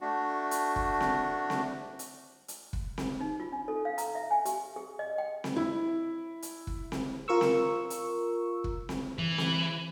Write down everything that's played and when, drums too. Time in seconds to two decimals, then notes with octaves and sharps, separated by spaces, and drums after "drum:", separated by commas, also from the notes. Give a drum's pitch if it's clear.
0.01 A3 D4 F#4
0.51 drum: hi-hat
0.76 drum: kick
1.01 drum: snare C4
1.50 drum: snare C4
1.99 drum: hi-hat
2.48 drum: hi-hat
2.73 drum: kick
2.98 drum: snare C4
3.20 D#4
3.40 F4
3.52 D4
3.68 A4
3.85 F5
3.98 A#5, drum: hi-hat
4.15 E5
4.31 G#5
4.45 G4, drum: hi-hat
4.76 G#4
4.99 D#5
5.18 G5
5.44 drum: snare C4
5.56 E4
6.42 drum: hi-hat
6.67 drum: kick
6.92 drum: snare C4
7.28 F4 A#4 C#6 E6
7.41 drum: snare C4
7.90 drum: hi-hat
8.64 drum: kick
8.89 drum: snare C4
9.18 E3
9.38 drum: snare C4